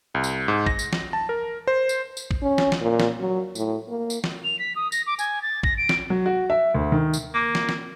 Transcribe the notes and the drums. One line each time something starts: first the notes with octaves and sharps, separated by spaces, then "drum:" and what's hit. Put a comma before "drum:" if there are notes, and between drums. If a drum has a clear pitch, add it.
C2
drum: tambourine
G#2
A#6, drum: kick A1
drum: tambourine
drum: snare
A5
A#4
C5
drum: tambourine
drum: tambourine
drum: kick A1
C#4
drum: snare
drum: snare
A#2
drum: snare
F#3
A2, drum: tambourine
A#3
drum: tambourine
drum: snare
F7
B6
D#6
A#6, drum: tambourine
D6
G#5, drum: tambourine
A6
A#6, drum: kick A1
D7
drum: snare
F#3
F#4
E5
D2
D#3
drum: tambourine
A#3
drum: snare
drum: snare